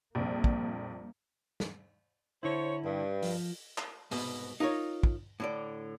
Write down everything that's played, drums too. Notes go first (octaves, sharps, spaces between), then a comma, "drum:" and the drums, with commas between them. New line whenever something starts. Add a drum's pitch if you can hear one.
A#1 F2 G3 A#3
drum: kick
drum: snare
D3 E4 C5 C#5
G2
F3, drum: open hi-hat
drum: clap
C2 G#2 B2, drum: open hi-hat
D#4 F4 A#4 C#5
drum: kick
A2 D3 D5